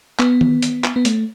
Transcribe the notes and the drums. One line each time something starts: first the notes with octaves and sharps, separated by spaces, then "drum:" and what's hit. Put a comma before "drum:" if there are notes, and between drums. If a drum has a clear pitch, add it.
B3, drum: clap
drum: tom D#3
drum: hi-hat
drum: clap
B3
A3, drum: hi-hat